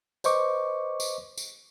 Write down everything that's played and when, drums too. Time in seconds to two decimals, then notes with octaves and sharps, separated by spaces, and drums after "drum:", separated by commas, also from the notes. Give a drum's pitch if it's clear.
0.24 B4 C5 D#5 C#6 D6, drum: tambourine
1.00 drum: tambourine
1.38 drum: tambourine